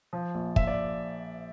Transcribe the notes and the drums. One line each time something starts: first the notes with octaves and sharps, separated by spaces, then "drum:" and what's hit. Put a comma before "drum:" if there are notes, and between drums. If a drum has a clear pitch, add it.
F3
A#1
F3 E5, drum: kick
D5